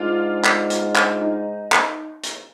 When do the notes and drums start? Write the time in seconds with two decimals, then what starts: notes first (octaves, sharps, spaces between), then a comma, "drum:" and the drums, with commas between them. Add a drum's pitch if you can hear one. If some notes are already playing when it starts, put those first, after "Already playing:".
Already playing: G#2 D4 F4
0.44 drum: clap
0.70 drum: hi-hat
0.96 drum: clap
1.21 D#4
1.72 drum: clap
2.23 drum: hi-hat